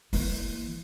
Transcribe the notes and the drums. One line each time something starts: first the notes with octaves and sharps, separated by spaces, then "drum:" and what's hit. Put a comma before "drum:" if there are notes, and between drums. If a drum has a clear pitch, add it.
E3 A#3, drum: open hi-hat